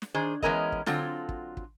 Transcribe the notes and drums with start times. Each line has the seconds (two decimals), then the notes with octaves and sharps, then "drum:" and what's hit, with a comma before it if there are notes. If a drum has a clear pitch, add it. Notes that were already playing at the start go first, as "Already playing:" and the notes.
0.02 drum: snare
0.14 D#3 D4 G#4 C5
0.42 E3 G#3 B3 C#4 A#4 D#5, drum: kick
0.72 drum: kick
0.86 D3 F#3 C4 F4 A4, drum: snare
1.29 drum: kick
1.57 drum: kick